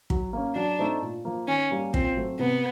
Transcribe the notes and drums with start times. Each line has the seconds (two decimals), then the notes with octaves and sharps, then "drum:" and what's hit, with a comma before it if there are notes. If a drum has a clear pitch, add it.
0.10 F#3, drum: kick
0.33 A#3 C#4
0.55 F#3 D4
0.79 A3 C4 D#4
1.02 A#2
1.25 F3 A#3
1.48 D#3 C#4
1.71 G3 A#3
1.94 A#2 C4, drum: kick
2.16 F#3 A3 C4
2.39 C3 B3